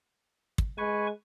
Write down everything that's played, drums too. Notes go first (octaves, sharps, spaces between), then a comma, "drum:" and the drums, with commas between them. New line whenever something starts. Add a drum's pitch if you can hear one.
drum: kick
G#3 B4 G#5 C#6